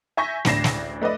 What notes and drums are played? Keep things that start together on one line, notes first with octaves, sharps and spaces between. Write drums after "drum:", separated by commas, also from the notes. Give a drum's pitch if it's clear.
E5 G#5 C#6 G6 A#6 B6
A1 D2 D4 A#6 C7 E7, drum: snare
drum: snare
A3 B4 D5 D#5